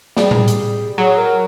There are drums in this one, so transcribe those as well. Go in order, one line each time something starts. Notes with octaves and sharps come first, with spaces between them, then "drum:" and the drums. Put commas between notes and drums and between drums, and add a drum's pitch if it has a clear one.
G3 G#4, drum: snare
drum: tom A2
drum: hi-hat
F#3 G#4
A#4